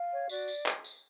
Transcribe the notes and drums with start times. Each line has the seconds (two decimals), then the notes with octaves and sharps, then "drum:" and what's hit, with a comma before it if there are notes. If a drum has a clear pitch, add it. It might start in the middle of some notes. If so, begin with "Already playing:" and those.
Already playing: F5
0.11 C#5
0.29 F#4 D5, drum: tambourine
0.48 drum: tambourine
0.66 drum: clap
0.84 drum: tambourine